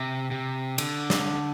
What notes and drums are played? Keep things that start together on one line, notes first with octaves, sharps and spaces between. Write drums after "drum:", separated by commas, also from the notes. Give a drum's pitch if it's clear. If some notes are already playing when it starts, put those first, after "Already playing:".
Already playing: C3
C3
D3, drum: cymbal
drum: snare